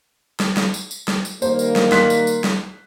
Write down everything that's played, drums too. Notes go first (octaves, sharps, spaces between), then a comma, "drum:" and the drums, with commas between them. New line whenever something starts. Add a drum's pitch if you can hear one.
drum: snare
drum: snare
drum: tambourine
drum: tambourine
drum: snare
drum: tambourine
D#3 G3 A#3 C5, drum: tambourine
drum: tambourine
drum: snare
C6 F#6 B6, drum: snare
drum: tambourine
drum: tambourine
drum: snare